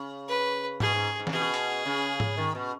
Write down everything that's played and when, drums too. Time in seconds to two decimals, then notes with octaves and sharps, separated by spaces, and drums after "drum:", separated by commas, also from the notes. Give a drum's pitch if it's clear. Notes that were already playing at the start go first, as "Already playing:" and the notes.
Already playing: C#3
0.29 B4
0.80 B2 G#4, drum: tom G#2
0.94 G#2
1.19 G#2
1.27 C#3, drum: snare E3
1.33 B2 G#4
1.54 drum: hi-hat
1.86 C#3
2.20 drum: tom G#2
2.37 D#3
2.55 B2